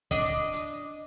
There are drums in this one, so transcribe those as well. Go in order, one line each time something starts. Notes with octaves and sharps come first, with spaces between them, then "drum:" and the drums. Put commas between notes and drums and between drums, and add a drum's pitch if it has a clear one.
D4 D#5, drum: kick, hi-hat
drum: hi-hat
drum: hi-hat